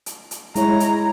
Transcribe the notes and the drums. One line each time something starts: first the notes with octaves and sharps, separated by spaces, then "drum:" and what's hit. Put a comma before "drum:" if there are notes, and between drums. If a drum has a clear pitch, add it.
drum: hi-hat
drum: hi-hat
G#3 E4 C#5 A#5, drum: hi-hat
drum: hi-hat